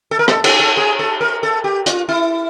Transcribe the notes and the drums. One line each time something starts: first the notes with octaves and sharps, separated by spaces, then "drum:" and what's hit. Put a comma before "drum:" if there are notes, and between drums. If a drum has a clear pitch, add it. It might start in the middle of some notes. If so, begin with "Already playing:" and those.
A4
A#4
A4, drum: rim click
A4, drum: cymbal
A4
G#4
A4
A#4
A4
G4
F4, drum: hi-hat
E4